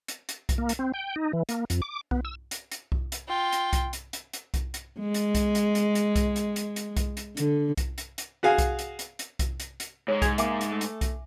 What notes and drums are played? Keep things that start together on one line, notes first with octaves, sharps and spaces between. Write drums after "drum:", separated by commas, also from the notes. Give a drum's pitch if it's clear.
drum: hi-hat
drum: hi-hat
drum: kick B1, hi-hat
A#3
drum: hi-hat
C4
G5
D#4
E3
A#3, drum: hi-hat
F2, drum: hi-hat
D6
B3, drum: kick B1
E6
drum: hi-hat
drum: hi-hat
drum: kick B1
drum: hi-hat
F4 G5
drum: hi-hat
drum: kick B1, hi-hat
drum: hi-hat
drum: hi-hat
drum: hi-hat
drum: kick B1, hi-hat
drum: hi-hat
G#3
drum: hi-hat
drum: kick B1, hi-hat
drum: hi-hat
drum: hi-hat
drum: hi-hat
drum: kick B1, hi-hat
drum: hi-hat
drum: hi-hat
drum: hi-hat
drum: kick B1, hi-hat
drum: hi-hat
D3, drum: hi-hat
drum: kick B1, hi-hat
drum: hi-hat
drum: hi-hat
F#4 G#4 F5 G#5
drum: kick B1, hi-hat
drum: hi-hat
drum: hi-hat
drum: hi-hat
drum: kick B1, hi-hat
drum: hi-hat
drum: hi-hat
G#2 G#3 C#5
G#4 F7, drum: kick B1, hi-hat
A#3 E5 G#5 D6, drum: hi-hat
drum: hi-hat
A3
drum: hi-hat
drum: kick B1, hi-hat